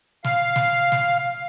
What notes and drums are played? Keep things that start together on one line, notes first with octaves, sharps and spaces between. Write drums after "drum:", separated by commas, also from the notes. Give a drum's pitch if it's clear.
F5, drum: snare
drum: snare
drum: snare